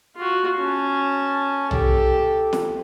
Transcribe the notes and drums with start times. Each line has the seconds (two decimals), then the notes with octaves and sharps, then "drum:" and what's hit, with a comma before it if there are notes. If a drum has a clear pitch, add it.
0.17 F4 F#4
0.59 C#4 A5
1.71 G4 A4, drum: tom
2.53 drum: snare